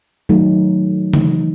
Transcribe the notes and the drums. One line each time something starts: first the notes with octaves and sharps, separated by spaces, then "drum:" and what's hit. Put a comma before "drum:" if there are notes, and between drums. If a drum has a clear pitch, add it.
D#3 F#3 A3 D#4
E3 A3 D#4, drum: tom C#3